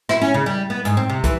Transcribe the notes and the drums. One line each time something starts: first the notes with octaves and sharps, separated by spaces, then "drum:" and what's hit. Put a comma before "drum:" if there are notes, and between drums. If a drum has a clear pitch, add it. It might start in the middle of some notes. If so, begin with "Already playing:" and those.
E4, drum: rim click
C#4
C#3
G3
B3
G#2, drum: hi-hat
C4
C3
E3, drum: kick, hi-hat